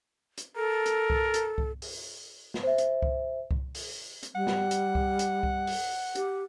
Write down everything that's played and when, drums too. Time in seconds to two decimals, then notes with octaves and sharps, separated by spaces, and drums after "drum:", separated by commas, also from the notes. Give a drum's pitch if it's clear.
0.38 drum: hi-hat
0.56 A4 A#4
0.86 drum: hi-hat
1.10 drum: kick C2
1.34 drum: hi-hat
1.58 drum: kick C2
1.82 drum: open hi-hat
2.54 drum: snare
2.63 C5 E5
2.78 drum: hi-hat
3.02 drum: kick C2
3.51 drum: kick C2
3.75 drum: open hi-hat
4.23 drum: hi-hat
4.35 G3 F#5
4.47 drum: snare
4.71 drum: hi-hat
4.95 drum: kick C2
5.19 drum: hi-hat
5.43 drum: kick C2
5.67 drum: open hi-hat
6.15 G4, drum: hi-hat